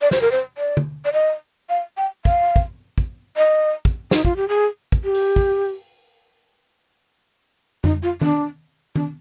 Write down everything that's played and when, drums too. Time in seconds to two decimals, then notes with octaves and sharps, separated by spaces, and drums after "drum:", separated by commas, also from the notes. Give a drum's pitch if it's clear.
0.02 D5
0.11 C5, drum: snare
0.21 A#4
0.32 C5
0.58 D5
0.77 drum: tom
1.05 D5
1.13 D#5
1.69 F5
1.97 G5
2.25 F5, drum: kick
2.56 drum: kick
2.98 drum: kick
3.37 D#5
3.85 drum: kick
4.11 D#4, drum: snare
4.25 F4, drum: kick
4.36 G4
4.49 G#4
4.92 drum: kick
5.04 G4
5.14 drum: open hi-hat
5.36 drum: kick
7.84 D#4, drum: tom F2
8.03 F4
8.21 D4, drum: tom D#3
8.96 D4, drum: tom D#3